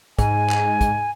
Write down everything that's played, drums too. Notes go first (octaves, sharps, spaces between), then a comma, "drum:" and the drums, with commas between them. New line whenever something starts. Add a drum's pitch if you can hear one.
G#2 G#5, drum: kick, hi-hat
drum: clap
drum: kick, hi-hat